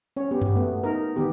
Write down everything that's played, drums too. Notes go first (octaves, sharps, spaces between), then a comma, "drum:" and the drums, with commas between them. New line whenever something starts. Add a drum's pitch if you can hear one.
C#4 C#5
B3 G4
drum: tom F#2
A3 B3
D#4 A#4
D#3 B3 G4